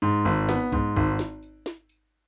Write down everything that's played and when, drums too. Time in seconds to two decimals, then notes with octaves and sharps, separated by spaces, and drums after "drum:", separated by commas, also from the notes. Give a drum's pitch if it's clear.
0.02 G#2, drum: tambourine
0.25 G#1, drum: tambourine
0.49 B3, drum: snare
0.72 G#2, drum: kick B1, tambourine
0.96 G#1, drum: kick B1, tambourine
1.19 drum: snare
1.43 drum: tambourine
1.66 drum: snare
1.89 drum: tambourine